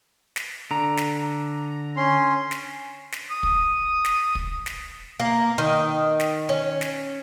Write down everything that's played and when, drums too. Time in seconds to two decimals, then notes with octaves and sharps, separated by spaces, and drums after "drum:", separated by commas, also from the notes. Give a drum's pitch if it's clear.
0.36 drum: snare
0.71 D3 A#5
0.97 drum: snare
1.97 C#4 C6
2.51 drum: snare
3.12 drum: snare
3.31 D#6
3.43 drum: kick
4.05 drum: snare
4.35 drum: kick
4.66 drum: snare
5.19 A#3
5.58 D#3
6.20 drum: snare
6.49 C#4
6.81 drum: snare